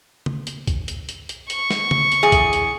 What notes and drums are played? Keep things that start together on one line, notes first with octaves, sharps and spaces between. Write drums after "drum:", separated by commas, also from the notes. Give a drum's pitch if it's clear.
drum: tom C#3
drum: hi-hat
drum: kick B1, hi-hat
drum: hi-hat
drum: hi-hat
drum: hi-hat
C#6, drum: hi-hat
drum: snare
drum: tom C#3
drum: hi-hat
E2 G#4
drum: kick B1, hi-hat
drum: hi-hat